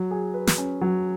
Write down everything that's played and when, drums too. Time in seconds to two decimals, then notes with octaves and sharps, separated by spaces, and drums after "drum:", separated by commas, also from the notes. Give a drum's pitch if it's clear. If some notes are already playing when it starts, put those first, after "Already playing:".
Already playing: F#3
0.11 G#4
0.34 B4
0.47 drum: snare
0.58 C#4
0.81 F#3